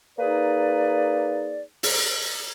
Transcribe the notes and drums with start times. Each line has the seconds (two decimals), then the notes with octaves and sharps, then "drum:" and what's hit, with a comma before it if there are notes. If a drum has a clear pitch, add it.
0.18 A#3 D#4 G#4 B4 D5
1.83 drum: open hi-hat